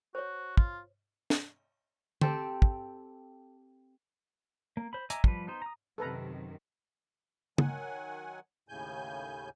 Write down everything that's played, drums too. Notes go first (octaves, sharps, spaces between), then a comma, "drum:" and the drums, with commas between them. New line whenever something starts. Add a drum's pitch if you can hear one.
F#4 C5 C#5
F4, drum: kick
drum: snare
C4 G4 A4, drum: tom D3
drum: kick
A#3
C5 B5
D#5 E5 G#5 A#5 D6, drum: hi-hat
F3 G3 B4, drum: kick
B3 D#4 C5
A#5 D#6
F#2 C3 D#3 A4 B4 A#5
D#3 F#3 F#5 G#5, drum: tom
D#2 A2 C#3 G#5 G6